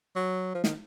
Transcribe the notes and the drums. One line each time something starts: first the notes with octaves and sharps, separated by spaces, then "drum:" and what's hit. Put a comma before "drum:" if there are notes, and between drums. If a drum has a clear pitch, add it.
F#3
F3
D#3, drum: snare